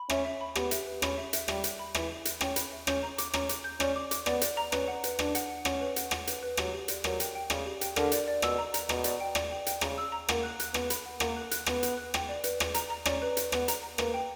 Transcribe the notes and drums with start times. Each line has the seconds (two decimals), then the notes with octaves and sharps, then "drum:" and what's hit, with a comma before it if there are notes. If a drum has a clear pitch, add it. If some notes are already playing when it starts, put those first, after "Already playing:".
Already playing: B5
0.10 C#4 E5, drum: rim click
0.25 E5
0.41 B5
0.55 B3 G4, drum: rim click
0.71 E5, drum: hi-hat
0.87 B4
1.02 C#4 B5, drum: rim click
1.17 E5
1.33 E5, drum: hi-hat
1.48 G3 E5, drum: rim click
1.64 E5, drum: hi-hat
1.79 B5
1.95 E3 E5, drum: rim click
2.10 E5
2.25 E5, drum: hi-hat
2.41 C#4 G5, drum: rim click
2.56 B5, drum: hi-hat
2.72 E5
2.87 C#4 G6, drum: rim click
3.03 A#5
3.18 D6, drum: hi-hat
3.34 C#4 A#5, drum: rim click
3.49 D6, drum: hi-hat
3.64 G6
3.80 C#4 D5, drum: rim click
3.96 D6
4.11 D6, drum: hi-hat
4.26 B3 D5, drum: rim click
4.41 D5, drum: hi-hat
4.57 A#5
4.72 C#4 B4, drum: rim click
4.88 F#5
5.04 B4, drum: hi-hat
5.19 D4 B4, drum: rim click
5.35 F#5, drum: hi-hat
5.50 F#5
5.65 C#4 F#5, drum: rim click
5.81 B4
5.96 F#5, drum: hi-hat
6.11 F#5, drum: rim click
6.27 B4, drum: hi-hat
6.43 B4
6.57 F#3 G4, drum: rim click
6.73 G4
6.88 D5, drum: hi-hat
7.04 F#3 A#4, drum: rim click
7.20 G5, drum: hi-hat
7.35 G5
7.50 C#3 D5, drum: rim click
7.65 G4
7.81 G5, drum: hi-hat
7.96 D3 A#4, drum: rim click
8.12 D5, drum: hi-hat
8.28 D5
8.42 B2 E6, drum: rim click
8.58 A#5
8.74 A#5, drum: hi-hat
8.89 B2 A#5, drum: rim click
9.04 D5, drum: hi-hat
9.20 G5
9.35 D5, drum: rim click
9.51 G5
9.66 G5, drum: hi-hat
9.81 C#3 A#5, drum: rim click
9.98 E6
10.12 A#5
10.29 A#3 F#5, drum: rim click
10.43 F#6
10.60 F#6, drum: hi-hat
10.74 B3 F#5, drum: rim click
10.90 B5, drum: hi-hat
11.06 F#5
11.20 A#3 F#5, drum: rim click
11.36 F#6
11.51 F#6, drum: hi-hat
11.66 B3 F#5, drum: rim click
11.83 F#6, drum: hi-hat
11.97 F#6
12.14 G5, drum: rim click
12.29 D5
12.44 B4, drum: hi-hat
12.60 B4, drum: rim click
12.74 A#5, drum: hi-hat
12.90 A#5
13.06 C#4 D5, drum: rim click
13.22 B4
13.37 B4, drum: hi-hat
13.52 B3 B4, drum: rim click
13.68 A#5, drum: hi-hat
13.83 A#5
13.98 A#3 B4, drum: rim click
14.14 G5